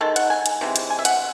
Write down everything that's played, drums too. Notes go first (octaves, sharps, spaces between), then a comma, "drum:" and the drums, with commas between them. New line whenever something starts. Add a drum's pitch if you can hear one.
D#3 G#3 A4
F#5, drum: hi-hat
G#5
drum: hi-hat
C3 E3 G#3
drum: hi-hat
G#5
E5
F#5, drum: hi-hat